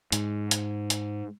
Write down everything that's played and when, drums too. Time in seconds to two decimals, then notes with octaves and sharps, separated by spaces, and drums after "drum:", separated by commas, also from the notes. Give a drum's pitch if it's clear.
0.12 G#2, drum: hi-hat
0.51 drum: hi-hat
0.90 drum: hi-hat